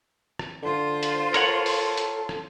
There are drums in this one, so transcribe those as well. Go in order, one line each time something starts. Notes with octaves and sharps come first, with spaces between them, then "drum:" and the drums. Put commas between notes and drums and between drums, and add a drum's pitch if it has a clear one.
drum: rim click
D3 F4 C5
drum: hi-hat
A4 A#4 C#5 F#5, drum: hi-hat
drum: open hi-hat
drum: hi-hat
drum: rim click